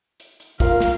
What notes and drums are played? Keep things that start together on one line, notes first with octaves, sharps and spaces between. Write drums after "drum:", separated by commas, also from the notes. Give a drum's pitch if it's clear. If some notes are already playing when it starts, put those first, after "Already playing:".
drum: hi-hat
drum: hi-hat
F4 A#4 F5, drum: kick, hi-hat
drum: snare